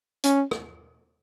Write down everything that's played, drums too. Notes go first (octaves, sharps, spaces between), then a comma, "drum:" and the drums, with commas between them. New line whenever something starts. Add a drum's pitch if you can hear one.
C#4, drum: hi-hat
drum: rim click